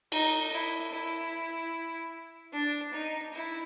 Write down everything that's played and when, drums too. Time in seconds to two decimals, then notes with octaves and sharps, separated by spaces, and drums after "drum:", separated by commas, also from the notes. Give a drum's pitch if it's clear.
0.12 D#4, drum: cymbal
0.52 E4
0.93 E4
2.53 D4
2.93 D#4
3.34 E4